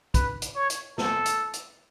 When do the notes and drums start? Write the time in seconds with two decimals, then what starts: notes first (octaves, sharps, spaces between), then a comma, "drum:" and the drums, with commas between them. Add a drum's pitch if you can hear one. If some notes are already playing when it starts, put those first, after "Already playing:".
0.14 B4, drum: kick, hi-hat
0.42 drum: hi-hat
0.55 C#5
0.70 drum: hi-hat
0.98 A4, drum: snare
1.26 drum: hi-hat
1.53 drum: hi-hat